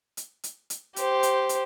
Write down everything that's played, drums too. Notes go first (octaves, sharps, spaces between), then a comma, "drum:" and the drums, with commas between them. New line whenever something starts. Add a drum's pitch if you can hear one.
drum: hi-hat
drum: hi-hat
drum: hi-hat
G4 C5, drum: hi-hat
drum: hi-hat
drum: hi-hat